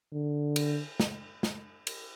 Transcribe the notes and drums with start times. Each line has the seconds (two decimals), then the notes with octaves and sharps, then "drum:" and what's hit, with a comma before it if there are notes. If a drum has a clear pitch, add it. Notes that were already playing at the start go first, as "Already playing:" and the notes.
0.13 D3
0.56 drum: cymbal
1.00 drum: snare
1.43 drum: snare
1.87 drum: cymbal